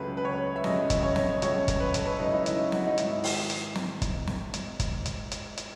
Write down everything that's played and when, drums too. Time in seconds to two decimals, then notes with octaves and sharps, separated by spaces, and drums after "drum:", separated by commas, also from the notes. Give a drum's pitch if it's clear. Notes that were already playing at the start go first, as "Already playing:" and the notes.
Already playing: C#2 C#3 F#3 A3 B4
0.17 B4
0.25 C#5
0.56 E5
0.64 C#2 C#3 F#3 A3 D#5, drum: snare
0.90 drum: kick, hi-hat
1.03 C#5
1.16 drum: snare
1.42 C#2 C#3 F#3 A3 C#5, drum: hi-hat
1.68 drum: kick, hi-hat
1.80 B4
1.94 A4, drum: hi-hat
2.06 B4
2.19 C#2 C#3 F#3 A3 D#4
2.27 E4
2.34 D#4
2.46 E4, drum: hi-hat
2.72 F#4, drum: snare
2.87 D#4
2.98 G#2 D#3 G#3 E4, drum: hi-hat
3.24 drum: open hi-hat
3.50 drum: hi-hat
3.76 drum: snare
4.02 drum: kick, hi-hat
4.28 drum: snare
4.54 drum: hi-hat
4.80 drum: kick, hi-hat
5.06 drum: hi-hat
5.31 drum: hi-hat
5.57 drum: hi-hat